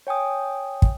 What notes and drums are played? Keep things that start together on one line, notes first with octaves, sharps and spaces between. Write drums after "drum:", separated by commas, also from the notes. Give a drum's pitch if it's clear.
C#5 G5 G#5 D#6
drum: kick